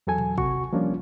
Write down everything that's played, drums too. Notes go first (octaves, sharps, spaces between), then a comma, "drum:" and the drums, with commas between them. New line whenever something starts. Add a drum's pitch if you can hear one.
E2 F#3 A4 G#5
drum: tom A#2
C3 F#4 C#6, drum: kick
F3 G3 A#3 C#4 D4 F4